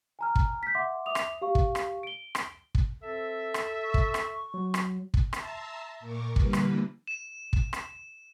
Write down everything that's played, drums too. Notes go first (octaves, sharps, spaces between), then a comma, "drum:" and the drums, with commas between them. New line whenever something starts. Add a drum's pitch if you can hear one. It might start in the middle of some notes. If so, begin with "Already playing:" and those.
G#5 A#5 F6
drum: kick
G6 B6
E5 F#5 C6 D6
E5 D6 D#6 F7
drum: rim click
G4 F5 C#6
drum: kick
drum: rim click
D7 G7
drum: rim click
drum: kick
C4 A4 E5
drum: rim click
C#6
drum: kick
drum: rim click
F#3
drum: rim click
drum: kick
E5 A5 A#5 C6 E6, drum: rim click
A#2 A#4 C#6 D6
D3 E3 G3 A#3 B4, drum: kick
drum: rim click
E7
drum: kick
drum: rim click